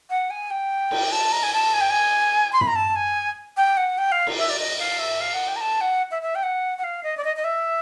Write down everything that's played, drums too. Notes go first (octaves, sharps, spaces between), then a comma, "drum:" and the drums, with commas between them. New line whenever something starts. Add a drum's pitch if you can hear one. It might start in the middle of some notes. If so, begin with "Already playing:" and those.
F#5
G#5
G5
drum: cymbal
A5
A#5
G#5
A5
G#5
G5
G#5
C6
B5, drum: tom
A#5
A5
G#5
G5
F#5
G5
F5
drum: cymbal
E5
D5
D#5
F5
E5
F5
F#5
G5
A#5
A5
F#5
E5
E5
G5
F#5
F#5
F5
D#5
D5
D#5
D#5
E5